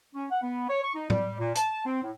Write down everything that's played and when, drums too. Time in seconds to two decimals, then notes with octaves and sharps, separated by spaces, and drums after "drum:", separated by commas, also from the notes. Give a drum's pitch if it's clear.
0.15 C#4
0.31 F#5
0.43 B3
0.70 C#5
0.83 C#6
0.94 D#4
1.10 G3, drum: tom A2
1.39 A#2
1.55 A5, drum: hi-hat
1.86 C4
2.03 A2